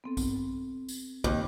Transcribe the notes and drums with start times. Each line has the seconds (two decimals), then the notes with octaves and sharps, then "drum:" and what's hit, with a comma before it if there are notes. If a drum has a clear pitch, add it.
0.04 B3 C4 A4
0.17 drum: kick A#1, tambourine
0.89 drum: tambourine
1.24 D#2, drum: kick A#1